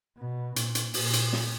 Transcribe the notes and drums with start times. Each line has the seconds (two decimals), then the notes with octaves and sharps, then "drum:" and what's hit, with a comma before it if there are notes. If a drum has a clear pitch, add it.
0.17 B2
0.56 A#2, drum: hi-hat
0.75 drum: hi-hat
0.94 A#2, drum: open hi-hat
1.13 drum: hi-hat
1.33 drum: snare